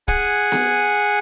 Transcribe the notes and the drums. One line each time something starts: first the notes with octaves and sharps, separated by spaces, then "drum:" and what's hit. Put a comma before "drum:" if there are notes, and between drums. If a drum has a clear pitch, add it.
G#4 F#5 G#5, drum: kick
drum: snare B3